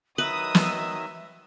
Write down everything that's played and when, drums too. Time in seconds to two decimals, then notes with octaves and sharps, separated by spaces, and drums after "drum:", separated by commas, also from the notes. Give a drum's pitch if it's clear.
0.18 D#3 F#3 B4 D#5 E5 D#6
0.55 drum: snare